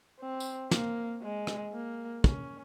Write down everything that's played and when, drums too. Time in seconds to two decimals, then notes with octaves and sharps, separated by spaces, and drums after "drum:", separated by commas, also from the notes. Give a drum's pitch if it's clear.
0.20 C4
0.40 drum: tambourine
0.71 A#3, drum: snare
1.23 G#3
1.47 drum: rim click
1.73 A#3
2.24 C#4, drum: kick